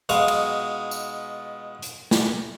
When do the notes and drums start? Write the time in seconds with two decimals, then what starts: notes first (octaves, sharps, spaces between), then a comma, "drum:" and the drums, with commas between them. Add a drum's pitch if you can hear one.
0.09 B2 G#3 F5, drum: hi-hat
0.28 drum: cymbal
0.91 drum: tambourine
1.82 drum: hi-hat
2.11 drum: snare